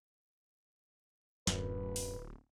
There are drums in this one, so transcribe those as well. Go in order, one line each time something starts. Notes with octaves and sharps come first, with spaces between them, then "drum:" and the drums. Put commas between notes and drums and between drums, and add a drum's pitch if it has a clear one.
D1 F#2 B4, drum: snare
drum: open hi-hat